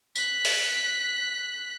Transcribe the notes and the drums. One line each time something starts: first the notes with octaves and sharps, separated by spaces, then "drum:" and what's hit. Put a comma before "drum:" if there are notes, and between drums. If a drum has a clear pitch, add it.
F#6 B6, drum: tambourine
drum: open hi-hat